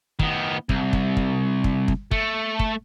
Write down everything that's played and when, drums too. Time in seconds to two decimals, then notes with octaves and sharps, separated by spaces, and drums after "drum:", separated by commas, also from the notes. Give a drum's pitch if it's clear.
0.19 D#3 B3, drum: kick
0.69 C2, drum: kick
0.93 drum: kick
1.17 drum: kick
1.64 drum: kick
1.88 drum: kick
2.11 A3, drum: kick
2.59 drum: kick